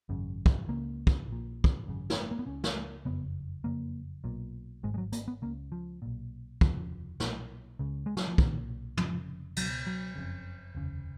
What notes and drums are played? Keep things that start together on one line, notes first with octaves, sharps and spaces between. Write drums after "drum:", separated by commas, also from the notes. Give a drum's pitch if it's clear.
G#1 F#2 C#3
drum: kick
C#2 C#3 A#3
drum: kick
A#1 A#2
drum: kick
G#1 F#2 C#3
drum: snare
A#3
B3
C#2 C#3 C#4
drum: snare
F#1 F2 C#3 B3
F#1 F2 C#3 A#3
B1 A#2
G#1 G#2 G#3
G#3
F#3
A#3, drum: hi-hat
B3
C#2 C#3 A#3
F3
B1 A#2
F1 D#2 C#3 F3, drum: kick
B1 A#2, drum: snare
C#2 C#3
G#3
F#3, drum: snare
F3
B1 A#2 D#3, drum: kick
F1 F2 C#3 F3, drum: tom
C#2 B2 F#3, drum: cymbal
F#3
F#1 F2 C#3
F1 D#2 C#3